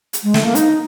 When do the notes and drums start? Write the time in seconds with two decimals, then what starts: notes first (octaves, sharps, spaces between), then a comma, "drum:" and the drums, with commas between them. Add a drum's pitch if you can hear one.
0.13 drum: hi-hat
0.23 G#3
0.34 A3, drum: snare
0.44 A#3
0.55 D#4, drum: hi-hat